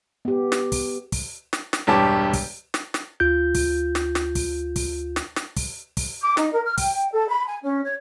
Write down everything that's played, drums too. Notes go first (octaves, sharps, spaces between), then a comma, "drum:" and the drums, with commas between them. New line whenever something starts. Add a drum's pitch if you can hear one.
B3 G4
drum: snare
drum: kick, open hi-hat
drum: kick, open hi-hat
drum: snare
drum: snare
E1 G2 G4 C#5 A5 D6
drum: kick, open hi-hat
drum: snare
drum: snare
D2 F4 G6
drum: kick, open hi-hat
drum: snare
drum: snare
drum: kick, open hi-hat
drum: kick, open hi-hat
drum: snare
drum: snare
drum: kick, open hi-hat
drum: kick, open hi-hat
D6
D#4, drum: snare
A#4
F6
G5, drum: kick, open hi-hat
A4
B5
G#5
C#4
C#5